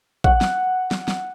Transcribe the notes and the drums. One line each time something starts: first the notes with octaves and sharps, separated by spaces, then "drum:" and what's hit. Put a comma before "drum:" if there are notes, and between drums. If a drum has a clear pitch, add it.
F#5, drum: kick
drum: snare
drum: snare
drum: snare